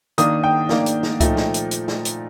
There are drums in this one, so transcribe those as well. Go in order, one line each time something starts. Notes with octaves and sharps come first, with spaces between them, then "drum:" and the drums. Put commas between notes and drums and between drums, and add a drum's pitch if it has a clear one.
D#3 A#3 D4 D#6, drum: hi-hat
G5
D#3 A#3 D4, drum: snare
drum: hi-hat
drum: snare
A#2 F3 A3 D#4, drum: kick C#2, hi-hat
drum: snare
drum: hi-hat
drum: hi-hat
drum: snare
drum: hi-hat